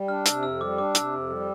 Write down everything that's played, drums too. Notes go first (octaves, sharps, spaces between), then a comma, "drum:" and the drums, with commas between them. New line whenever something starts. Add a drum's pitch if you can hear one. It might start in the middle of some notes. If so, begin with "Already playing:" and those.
Already playing: G3
D4 F6
C3 E6, drum: hi-hat
F2 E6
G3 D6
D4 D6
C3 E6, drum: hi-hat
F2
G3